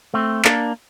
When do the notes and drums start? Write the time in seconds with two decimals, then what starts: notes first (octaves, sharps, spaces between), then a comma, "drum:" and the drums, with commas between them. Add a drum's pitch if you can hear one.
0.14 A3 C4
0.45 A#3 D4, drum: clap